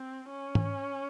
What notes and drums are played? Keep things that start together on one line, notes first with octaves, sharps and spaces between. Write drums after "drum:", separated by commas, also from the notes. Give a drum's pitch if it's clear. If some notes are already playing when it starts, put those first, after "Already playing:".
Already playing: C4
C#4
drum: tom G#2